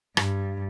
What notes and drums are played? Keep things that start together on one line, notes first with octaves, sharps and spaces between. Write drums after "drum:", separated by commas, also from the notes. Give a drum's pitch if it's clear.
G2, drum: rim click